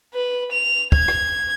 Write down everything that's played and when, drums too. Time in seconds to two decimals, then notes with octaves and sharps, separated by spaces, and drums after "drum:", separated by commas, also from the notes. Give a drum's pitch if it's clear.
0.14 B4
0.52 F7
0.92 G#6, drum: kick
1.08 drum: rim click